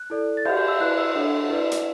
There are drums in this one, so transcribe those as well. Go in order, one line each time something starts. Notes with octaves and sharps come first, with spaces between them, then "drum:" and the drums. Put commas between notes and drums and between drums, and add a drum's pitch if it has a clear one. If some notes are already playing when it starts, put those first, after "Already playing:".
Already playing: F#6
E4 A4 D5
A6
G4 D5 G6, drum: cymbal
G6
E6
E4 B4 D5 F#6
E6
D4 A4 C#5
E4 B4 D5
drum: hi-hat